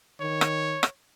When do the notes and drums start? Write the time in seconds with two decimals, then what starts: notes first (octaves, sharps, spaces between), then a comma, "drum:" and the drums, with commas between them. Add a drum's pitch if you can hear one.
0.20 D#3 C#5
0.41 drum: rim click
0.83 drum: rim click